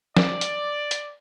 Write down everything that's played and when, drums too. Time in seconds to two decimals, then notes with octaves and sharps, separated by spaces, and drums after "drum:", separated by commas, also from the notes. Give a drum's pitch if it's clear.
0.17 D5, drum: snare
0.41 drum: hi-hat
0.91 drum: hi-hat